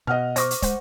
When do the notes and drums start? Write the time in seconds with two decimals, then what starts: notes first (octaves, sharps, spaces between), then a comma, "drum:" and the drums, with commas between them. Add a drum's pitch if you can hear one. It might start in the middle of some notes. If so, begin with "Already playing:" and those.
0.07 B2 D#5 F#5 F6
0.36 C5 C#6 D6 A#6, drum: hi-hat
0.51 drum: hi-hat
0.62 G#3 C5 F#5, drum: kick, hi-hat